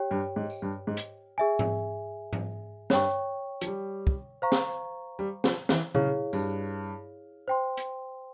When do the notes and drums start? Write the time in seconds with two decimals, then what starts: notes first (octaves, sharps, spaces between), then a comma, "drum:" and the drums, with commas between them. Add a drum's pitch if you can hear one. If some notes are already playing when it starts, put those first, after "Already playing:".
Already playing: G4 C#5 G5
0.11 G2
0.36 G#2
0.50 drum: tambourine
0.62 G2
0.87 G#2
0.97 drum: hi-hat
1.38 G#4 E5 G#5
1.59 drum: tom G#2
2.33 drum: tom G#2
2.90 G2 C#5 G5 C#6, drum: snare
3.61 F3, drum: hi-hat
3.67 G3
4.07 drum: kick
4.42 C5 F5 A#5 C#6
4.52 drum: snare
5.19 G3
5.44 F3, drum: snare
5.69 E3, drum: snare
5.95 C#3 E4 G#4 C#5 F5, drum: tom A#2
6.33 G2, drum: tambourine
7.48 C5 G5 C6
7.77 drum: hi-hat